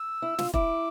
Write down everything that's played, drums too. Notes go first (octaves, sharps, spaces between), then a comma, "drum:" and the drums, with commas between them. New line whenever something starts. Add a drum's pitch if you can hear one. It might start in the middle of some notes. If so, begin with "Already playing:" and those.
Already playing: E6
E4
F4, drum: snare
E4 D6, drum: kick E1